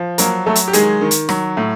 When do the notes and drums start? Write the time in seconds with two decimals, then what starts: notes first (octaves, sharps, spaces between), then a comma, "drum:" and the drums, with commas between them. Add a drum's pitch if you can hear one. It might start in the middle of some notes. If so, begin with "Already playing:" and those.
Already playing: F3
0.18 F#3 A#3 A#4, drum: hi-hat
0.46 F#3 A3 A4
0.55 drum: hi-hat
0.68 G4
0.73 D#3 G#3 G#4, drum: hi-hat
1.01 D#3
1.11 drum: hi-hat
1.29 F#3, drum: rim click
1.57 A2